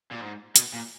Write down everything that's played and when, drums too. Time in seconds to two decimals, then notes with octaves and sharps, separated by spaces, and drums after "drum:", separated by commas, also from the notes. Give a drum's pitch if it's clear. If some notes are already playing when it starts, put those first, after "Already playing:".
0.11 A#2
0.21 G#2
0.56 B2, drum: hi-hat
0.73 A#2